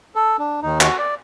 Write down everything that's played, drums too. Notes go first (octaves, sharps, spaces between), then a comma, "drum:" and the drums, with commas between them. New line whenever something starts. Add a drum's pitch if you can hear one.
A4
D4
D#2 D#3 D#4
F#4, drum: clap
D5